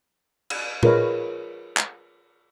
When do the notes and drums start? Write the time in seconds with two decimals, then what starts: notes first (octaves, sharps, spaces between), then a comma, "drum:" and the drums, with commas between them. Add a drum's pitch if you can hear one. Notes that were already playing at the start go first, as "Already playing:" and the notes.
0.50 drum: cymbal
0.83 F4 G#4 A#4 B4 C#5 D#5, drum: tom A#2
1.77 drum: clap